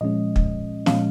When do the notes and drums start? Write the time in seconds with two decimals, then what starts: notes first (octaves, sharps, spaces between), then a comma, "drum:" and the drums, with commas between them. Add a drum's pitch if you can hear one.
0.01 A#2 F3 G#3 C#4 D#5
0.36 drum: kick
0.86 A#2 F3 G#3 C#4 F5, drum: snare